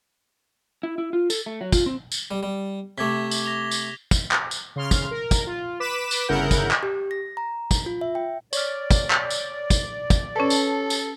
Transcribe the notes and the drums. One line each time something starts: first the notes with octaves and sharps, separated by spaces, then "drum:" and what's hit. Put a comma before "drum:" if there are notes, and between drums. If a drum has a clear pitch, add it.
E4
E4
F4
A4, drum: tambourine
A3
F#3
F4, drum: kick, tambourine
C4
drum: tambourine
G3
G3
C3 A3 D6 G#6 B6
drum: tambourine
A#6 F7 G7
drum: tambourine
drum: kick, tambourine
drum: clap
drum: tambourine
C#3 C6 F6
drum: kick, tambourine
A#4
drum: kick, tambourine
F4
B4 D6 B6 E7
drum: tambourine
G1 C#3 E4 A#4 F#5 G6
drum: kick, tambourine
drum: clap
G4
A#6
A#5
drum: kick, tambourine
F4
E5
G5
C#5 D5 F6, drum: tambourine
drum: kick, tambourine
drum: clap
drum: tambourine
drum: kick, tambourine
drum: kick, tambourine
C#4 A4 B4 C#5 A5
drum: tambourine
drum: tambourine